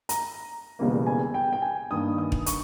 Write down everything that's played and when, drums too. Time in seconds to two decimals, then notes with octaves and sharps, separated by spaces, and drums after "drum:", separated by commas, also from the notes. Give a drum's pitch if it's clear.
0.09 A#5, drum: hi-hat
0.79 E1 E2 C#3 G3 A#3
1.07 G#5
1.34 G5
1.53 G5
1.62 G#5
1.91 G2 D#3 A#3 D#6
2.18 D#6
2.32 drum: kick
2.46 C#6, drum: hi-hat